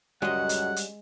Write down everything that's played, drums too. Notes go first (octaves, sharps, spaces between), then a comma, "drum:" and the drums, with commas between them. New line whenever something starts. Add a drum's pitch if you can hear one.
C#2 F#2 G3 G#3 C#4 F#4 D#5 F#5
drum: hi-hat
drum: hi-hat